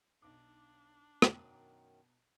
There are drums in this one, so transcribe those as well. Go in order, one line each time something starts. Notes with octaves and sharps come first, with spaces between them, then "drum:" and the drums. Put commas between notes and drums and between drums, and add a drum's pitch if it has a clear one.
B1 D4 D#4 D6
F#2 B2 D#3 A#5, drum: rim click